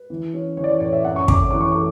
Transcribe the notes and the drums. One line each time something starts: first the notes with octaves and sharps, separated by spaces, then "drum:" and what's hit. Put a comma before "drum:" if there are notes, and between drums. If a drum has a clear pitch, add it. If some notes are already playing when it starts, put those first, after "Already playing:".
Already playing: B4
E3
C#4
E3 C#5
D5
C#5
A2 C#5
E5
F#2 F#5
C#6
F#2 D6, drum: kick
E3 D6
C#6
A3 D6